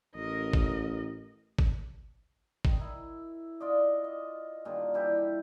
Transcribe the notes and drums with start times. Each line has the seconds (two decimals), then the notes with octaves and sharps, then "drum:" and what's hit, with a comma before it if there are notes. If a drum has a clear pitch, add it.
0.16 A1 A#4 D#5
0.53 drum: kick G#1
1.59 drum: kick G#1
2.65 D#3, drum: kick G#1
2.81 E4
3.60 F4 D5 D#5
4.04 D#5
4.65 G2 A#2 D3 D#3
4.94 E3 G3 E4 G4